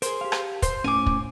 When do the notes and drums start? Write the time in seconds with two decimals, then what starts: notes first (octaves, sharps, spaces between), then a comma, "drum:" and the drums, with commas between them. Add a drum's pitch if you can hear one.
0.02 G#4 A#4 C5, drum: hi-hat
0.21 G4 F5
0.32 drum: rim click
0.62 C5, drum: kick, hi-hat
0.84 A2 C#4 G#5 D6
1.06 drum: kick